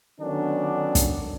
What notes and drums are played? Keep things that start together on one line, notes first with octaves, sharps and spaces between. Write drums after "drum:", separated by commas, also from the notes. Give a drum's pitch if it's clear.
D3 D#3 F#3 B3 C#4 D4
drum: kick, hi-hat